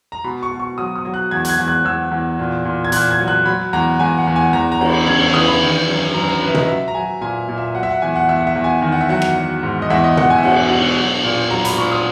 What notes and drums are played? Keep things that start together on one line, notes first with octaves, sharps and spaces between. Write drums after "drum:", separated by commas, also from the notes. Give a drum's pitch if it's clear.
A#5
B2 B5
C#6
B2
C#6
F#3 D#6
D#6
F#3
F#6
E2 G#6
F#6, drum: hi-hat
G#6
E2
F#6
E2 E6
E2
A#2
A#2
G#6
A#2 F#6, drum: hi-hat
G#6
F#3
F#6
F#3 B5
E2 A#5
E2 G#5
F#5
E2
G#5
E2 A#5
A#5
E2, drum: cymbal
B5
C#3 G#6
G#6
E3 D#6
B5
D#3
F#2
F#2 A#5
A#5
F#2 B4
E5
D#5, drum: tom
F#3 E5
A#5
F#3 G#5
A#2 G#5
A#2
E5
F#3 F#5
E5
F#5
E2 G#5
F#5
E2 E5
F#5
E5
E2
G#5
D#3 G#5
F#5
E5
F#3 F#5
drum: rim click
F#3
G#2
D#5
E2 E5
D#5
E2 F#5, drum: tom
G#5
E5
B2 F#5, drum: cymbal
B2
F#3
A#2
F#3 A#5
B5, drum: hi-hat
A#2 C#6
D#6